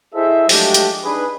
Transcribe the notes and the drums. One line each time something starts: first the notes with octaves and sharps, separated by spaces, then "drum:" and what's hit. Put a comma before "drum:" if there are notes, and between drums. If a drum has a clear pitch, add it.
E4 G#4 A4 C5 D#5 E5
F3 F#3 G#3 A3 D4 G4, drum: open hi-hat
drum: hi-hat
D4 D#4 G#4 B4